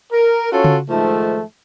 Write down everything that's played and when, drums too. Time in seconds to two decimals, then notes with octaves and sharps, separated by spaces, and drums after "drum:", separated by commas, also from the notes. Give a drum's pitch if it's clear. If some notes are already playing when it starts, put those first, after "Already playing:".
0.13 A#4
0.52 C#4 F4 F#4 A4 C#5
0.64 drum: tom C#3
0.89 G#2 D#3 F3 A3